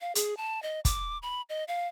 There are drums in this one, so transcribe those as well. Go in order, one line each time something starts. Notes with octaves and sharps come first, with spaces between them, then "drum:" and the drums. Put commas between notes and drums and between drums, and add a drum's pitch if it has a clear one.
F5
G#4, drum: hi-hat
A5
D#5
D6, drum: kick, hi-hat
B5
D#5
F5